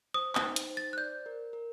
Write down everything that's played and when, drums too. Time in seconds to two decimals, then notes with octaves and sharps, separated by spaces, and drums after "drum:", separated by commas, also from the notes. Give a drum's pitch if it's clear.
0.14 C5 D#6
0.35 D#6, drum: clap
0.42 D#4
0.56 drum: hi-hat
0.70 C5
0.77 A6
0.93 F#6
0.97 D5 G6
1.26 A#4
1.53 A#4